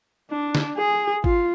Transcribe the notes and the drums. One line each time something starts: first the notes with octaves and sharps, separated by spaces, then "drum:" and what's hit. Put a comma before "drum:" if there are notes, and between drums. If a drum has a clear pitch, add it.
D4
drum: snare
G#4
F4, drum: kick